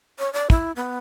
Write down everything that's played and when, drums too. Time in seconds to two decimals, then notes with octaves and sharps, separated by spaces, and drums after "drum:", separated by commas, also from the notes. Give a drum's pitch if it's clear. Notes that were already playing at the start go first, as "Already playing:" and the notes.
0.19 C#5
0.33 D5
0.50 E4, drum: kick
0.76 B3